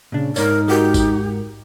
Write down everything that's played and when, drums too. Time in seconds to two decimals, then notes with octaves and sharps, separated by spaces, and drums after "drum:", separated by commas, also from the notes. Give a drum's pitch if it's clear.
0.12 A#2 C#3 D4
0.36 G#2 D#4 A#4 C#5 D5, drum: tambourine
0.68 G#3 F#4 G4 A#4
0.94 drum: kick, tambourine